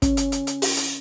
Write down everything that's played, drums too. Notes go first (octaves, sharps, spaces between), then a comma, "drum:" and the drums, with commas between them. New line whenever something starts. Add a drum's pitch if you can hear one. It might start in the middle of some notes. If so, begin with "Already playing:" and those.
C#4, drum: kick, hi-hat
drum: hi-hat
drum: hi-hat
drum: hi-hat
drum: open hi-hat
drum: hi-hat